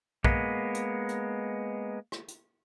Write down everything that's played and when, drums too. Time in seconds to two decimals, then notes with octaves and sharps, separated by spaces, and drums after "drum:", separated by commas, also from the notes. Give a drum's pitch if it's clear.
0.24 G#3 A#3 B3, drum: kick
0.74 drum: hi-hat
1.09 drum: hi-hat
2.12 drum: rim click
2.28 drum: hi-hat